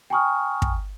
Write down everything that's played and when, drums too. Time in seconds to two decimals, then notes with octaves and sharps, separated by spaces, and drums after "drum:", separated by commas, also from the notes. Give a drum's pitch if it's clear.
0.10 G5 G#5 A#5 C#6 D#6 F6
0.62 drum: kick